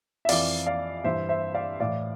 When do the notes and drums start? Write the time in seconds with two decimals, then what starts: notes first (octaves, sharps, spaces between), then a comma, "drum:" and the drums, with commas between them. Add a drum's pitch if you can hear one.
0.25 E5
0.29 F2 E3 D5 F5, drum: open hi-hat
0.66 D5 F5
1.04 G2 E3 C5 E5
1.29 C5 E5
1.54 D5 F5
1.80 A2 E3 D5 F5